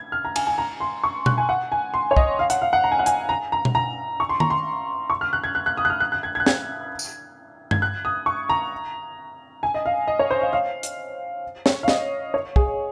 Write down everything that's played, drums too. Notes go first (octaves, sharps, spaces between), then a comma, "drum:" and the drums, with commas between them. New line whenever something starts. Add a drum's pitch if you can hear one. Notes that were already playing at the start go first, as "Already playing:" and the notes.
Already playing: G#6
F6
A#5
G#5, drum: cymbal
G#5
A#5
C6
C#6
F#6, drum: tom B2
G#5
F#5
G#5
C6
C#5
D#5, drum: kick
F5
F#5, drum: hi-hat
F5
F#5
A#5
G#5
F#5
G#5, drum: hi-hat
A#5
A#5
drum: tom B2
A#5
C#6
C6
A#5, drum: tom D#3
C6
C#6
F6
F#6
G#6
F#6
F#6
D#6
F#6
F6
F#6
F#6
G#6
G#6
F#6
G#6, drum: snare
drum: tambourine
G#6, drum: tom G2
F#6
D#6
C#6
A#5
G#5
D#5
F5
D#5
C#5
C5
F5
F5
drum: hi-hat
C#5, drum: snare
F5
D#5, drum: snare
C#5
G#4, drum: kick